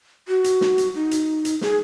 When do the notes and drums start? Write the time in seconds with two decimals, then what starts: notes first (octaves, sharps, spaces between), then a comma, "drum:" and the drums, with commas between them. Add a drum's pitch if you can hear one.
0.28 F#4
0.44 drum: hi-hat
0.61 drum: snare
0.78 drum: hi-hat
0.95 D#4
1.11 drum: hi-hat
1.45 drum: hi-hat
1.61 G#4, drum: snare